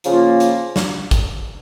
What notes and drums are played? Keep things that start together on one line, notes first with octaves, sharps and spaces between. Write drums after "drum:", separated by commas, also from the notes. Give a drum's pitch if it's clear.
C#3 F3 A#3 F4, drum: hi-hat
drum: hi-hat
drum: snare
drum: kick, hi-hat